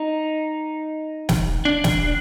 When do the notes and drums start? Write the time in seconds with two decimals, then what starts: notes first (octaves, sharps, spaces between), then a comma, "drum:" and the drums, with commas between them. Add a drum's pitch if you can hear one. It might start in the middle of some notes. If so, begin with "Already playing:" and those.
Already playing: D#4
1.29 drum: snare
1.65 D4
1.84 drum: snare